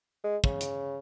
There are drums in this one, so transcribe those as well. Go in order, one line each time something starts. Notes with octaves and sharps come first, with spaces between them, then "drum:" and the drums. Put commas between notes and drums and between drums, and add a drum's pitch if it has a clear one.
G#3
C#3, drum: kick
drum: hi-hat